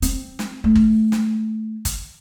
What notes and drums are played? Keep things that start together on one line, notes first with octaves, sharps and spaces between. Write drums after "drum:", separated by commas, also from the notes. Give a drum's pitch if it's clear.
C4, drum: hi-hat
drum: snare
A3
drum: kick G#1
drum: snare
drum: kick G#1, hi-hat